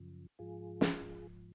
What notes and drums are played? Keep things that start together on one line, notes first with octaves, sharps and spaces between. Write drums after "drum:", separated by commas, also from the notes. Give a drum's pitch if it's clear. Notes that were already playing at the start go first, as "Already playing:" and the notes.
Already playing: F#2 C#3 F3
G#2 F3 F4 G#4
drum: snare
G#2 F3